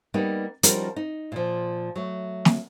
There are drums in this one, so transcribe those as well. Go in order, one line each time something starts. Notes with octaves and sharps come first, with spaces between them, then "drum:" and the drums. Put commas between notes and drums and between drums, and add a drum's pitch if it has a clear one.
G3 A#3 B3 D#4
F3 G3 C#4 D#4 F#4 A#4, drum: hi-hat
D#4
A#2 F3
F#3 A3
drum: snare